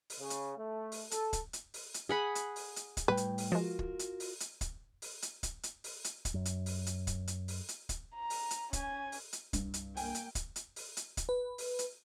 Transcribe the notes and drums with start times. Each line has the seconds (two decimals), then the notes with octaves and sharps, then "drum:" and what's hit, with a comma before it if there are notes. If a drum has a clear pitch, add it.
0.10 drum: open hi-hat
0.19 C#3
0.30 drum: hi-hat
0.58 A3
0.92 drum: open hi-hat
1.11 A4, drum: hi-hat
1.33 drum: kick, hi-hat
1.53 drum: hi-hat
1.74 drum: open hi-hat
1.94 drum: hi-hat
2.09 G#4 F#5 B5
2.35 drum: hi-hat
2.56 drum: open hi-hat
2.76 drum: hi-hat
2.97 drum: kick, hi-hat
3.08 A2 G3 B4 G5
3.17 drum: hi-hat
3.38 drum: open hi-hat
3.52 F3 G#3 F4 F#4 A#4
3.79 drum: kick
3.99 drum: hi-hat
4.20 drum: open hi-hat
4.40 drum: hi-hat
4.61 drum: kick, hi-hat
5.02 drum: open hi-hat
5.22 drum: hi-hat
5.43 drum: kick, hi-hat
5.63 drum: hi-hat
5.84 drum: open hi-hat
6.04 drum: hi-hat
6.25 drum: kick, hi-hat
6.34 F#2
6.45 drum: hi-hat
6.66 drum: open hi-hat
6.86 drum: hi-hat
7.07 drum: kick, hi-hat
7.27 drum: hi-hat
7.48 drum: open hi-hat
7.68 drum: hi-hat
7.89 drum: kick, hi-hat
8.15 A#5
8.30 drum: open hi-hat
8.51 drum: hi-hat
8.73 C#4 G#5, drum: kick, hi-hat
9.12 drum: open hi-hat
9.33 drum: hi-hat
9.53 C2 G2, drum: kick, hi-hat
9.74 drum: hi-hat
9.97 A#3 G5 G#5, drum: open hi-hat
10.15 drum: hi-hat
10.35 drum: kick, hi-hat
10.56 drum: hi-hat
10.76 drum: open hi-hat
10.97 drum: hi-hat
11.17 drum: kick, hi-hat
11.29 B4
11.58 drum: open hi-hat
11.79 drum: hi-hat